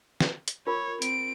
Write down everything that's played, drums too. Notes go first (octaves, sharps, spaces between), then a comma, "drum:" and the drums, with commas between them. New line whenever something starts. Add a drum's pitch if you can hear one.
drum: snare
drum: hi-hat
F4 A#4 C#5 B5
C4 D7, drum: hi-hat